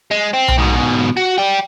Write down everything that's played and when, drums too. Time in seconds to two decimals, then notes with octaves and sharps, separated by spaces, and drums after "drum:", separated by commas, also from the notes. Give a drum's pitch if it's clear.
0.11 G#3
0.33 C4
0.48 drum: tom B1
0.58 G#2 B2
1.17 F#4
1.38 D5 G5